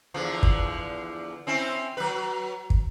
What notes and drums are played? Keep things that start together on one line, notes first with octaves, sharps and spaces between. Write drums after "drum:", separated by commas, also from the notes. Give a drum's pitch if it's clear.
E2 D3 F3
drum: kick
C4 C#4 E4
F#3 B4
drum: kick